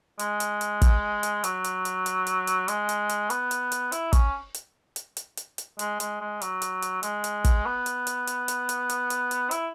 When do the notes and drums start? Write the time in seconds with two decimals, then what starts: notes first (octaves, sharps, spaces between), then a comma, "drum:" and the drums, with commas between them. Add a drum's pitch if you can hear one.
0.19 G#3, drum: hi-hat
0.40 drum: hi-hat
0.61 drum: hi-hat
0.82 drum: kick, hi-hat
1.23 drum: hi-hat
1.44 F#3, drum: hi-hat
1.64 drum: hi-hat
1.85 drum: hi-hat
2.06 drum: hi-hat
2.27 drum: hi-hat
2.47 drum: hi-hat
2.68 G#3, drum: hi-hat
2.89 drum: hi-hat
3.09 drum: hi-hat
3.30 B3, drum: hi-hat
3.51 drum: hi-hat
3.72 drum: hi-hat
3.92 E4, drum: hi-hat
4.13 C#4, drum: kick, hi-hat
4.54 drum: hi-hat
4.96 drum: hi-hat
5.17 drum: hi-hat
5.37 drum: hi-hat
5.58 drum: hi-hat
5.79 G#3, drum: hi-hat
6.00 G#3, drum: hi-hat
6.21 G#3
6.42 F#3, drum: hi-hat
6.62 drum: hi-hat
6.82 drum: hi-hat
7.03 G#3, drum: hi-hat
7.24 drum: hi-hat
7.44 drum: kick, hi-hat
7.66 B3
7.86 drum: hi-hat
8.07 drum: hi-hat
8.27 drum: hi-hat
8.48 drum: hi-hat
8.69 drum: hi-hat
8.90 drum: hi-hat
9.10 drum: hi-hat
9.31 drum: hi-hat
9.51 E4, drum: hi-hat